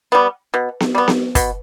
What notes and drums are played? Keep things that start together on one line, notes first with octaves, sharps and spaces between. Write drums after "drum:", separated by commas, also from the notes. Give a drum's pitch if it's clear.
G3 B3
B2
drum: snare B3
G3 B3
drum: snare B3
B2, drum: kick, hi-hat